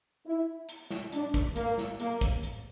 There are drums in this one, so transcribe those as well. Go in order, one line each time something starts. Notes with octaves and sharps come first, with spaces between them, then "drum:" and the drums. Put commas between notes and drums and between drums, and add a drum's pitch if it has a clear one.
E4
drum: hi-hat
drum: snare
D4, drum: hi-hat
drum: kick, hi-hat
A#3, drum: hi-hat
drum: snare
A#3, drum: hi-hat
drum: kick, hi-hat
drum: hi-hat